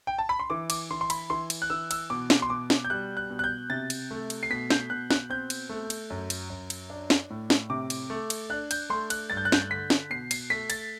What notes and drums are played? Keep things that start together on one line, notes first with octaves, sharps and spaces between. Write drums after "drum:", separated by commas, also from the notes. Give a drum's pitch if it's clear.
G5
A5
B5
C6
E3 D6
D6, drum: cymbal
E3 C6
C6
B5, drum: cymbal
E3 C6
drum: cymbal
F#6
E3 E6
E6, drum: cymbal
B2 D6
drum: snare
C6
B2 D6
drum: snare
G6
G3 F#6
F#6
B2
F#6
G6
C3 A6
drum: cymbal
A3
drum: cymbal
C7
B2 B6
G6, drum: snare
B2 F#6
F#6, drum: snare
C4 G6
drum: cymbal
A3
drum: cymbal
F#2
drum: cymbal
F#2
drum: cymbal
D4
drum: snare
A2
drum: snare
C3 D6
drum: cymbal
A3
drum: cymbal
D4 F#6
G6, drum: cymbal
A3 C6
F#6, drum: cymbal
G2 A6
G6
F#6
G6, drum: snare
D3 B6
drum: snare
B2 C7
C7, drum: cymbal
A3 B6
A6, drum: cymbal